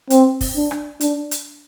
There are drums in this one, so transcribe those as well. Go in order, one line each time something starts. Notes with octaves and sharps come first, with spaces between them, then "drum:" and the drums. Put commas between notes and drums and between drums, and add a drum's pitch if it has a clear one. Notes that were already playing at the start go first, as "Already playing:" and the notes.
C4, drum: hi-hat
drum: kick, open hi-hat
D4
drum: rim click
D4, drum: hi-hat
drum: hi-hat